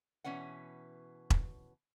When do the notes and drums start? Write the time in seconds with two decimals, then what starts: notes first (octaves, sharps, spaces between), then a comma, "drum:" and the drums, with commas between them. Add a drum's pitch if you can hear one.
0.24 B2 E3 C#4 B4 F#5
1.30 drum: kick E1